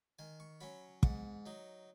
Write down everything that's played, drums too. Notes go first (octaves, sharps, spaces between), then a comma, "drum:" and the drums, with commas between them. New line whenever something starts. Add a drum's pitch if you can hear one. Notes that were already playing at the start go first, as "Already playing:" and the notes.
D#3 G#5
C#6
F#3 C#4 B5
G#2 F#5, drum: kick
F#3 D#4